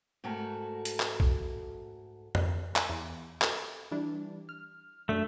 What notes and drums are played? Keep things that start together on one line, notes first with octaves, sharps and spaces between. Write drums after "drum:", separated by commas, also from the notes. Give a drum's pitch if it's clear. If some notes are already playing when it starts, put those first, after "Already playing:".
G#2 A3 F#4 A4 A#4
drum: hi-hat
drum: clap
drum: kick
drum: tom F2
drum: clap
E2
A4, drum: clap
E3 G3 D4
F6
F#2 A3 D4 B6